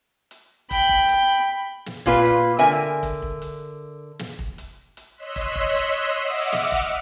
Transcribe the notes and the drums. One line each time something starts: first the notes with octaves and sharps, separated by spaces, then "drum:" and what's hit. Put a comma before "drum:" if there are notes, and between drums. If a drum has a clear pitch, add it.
drum: hi-hat
G5 B5, drum: kick, hi-hat
drum: kick
drum: hi-hat
drum: snare
A#2 F4 B4, drum: kick
drum: hi-hat
D3 A#4 E5 G#5
drum: kick, hi-hat
drum: kick
drum: hi-hat
drum: snare
drum: kick
drum: hi-hat
drum: hi-hat
C#5 D#5 C6 E6 F#6 B6
drum: kick, hi-hat
drum: kick
drum: hi-hat
D#5 E5 F#5 D6 E6 F6
drum: snare
drum: kick